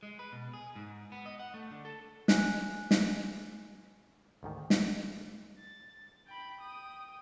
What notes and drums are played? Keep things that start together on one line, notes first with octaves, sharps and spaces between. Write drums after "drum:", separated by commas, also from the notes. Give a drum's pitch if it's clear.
G#3
B4
B2
G#4
G#2
B3
D#5
F#5
A3
D3
A4
G#5 F#6, drum: snare
drum: snare
D2 G#2 D#3
drum: snare
A6
G5 B5
G5 D#6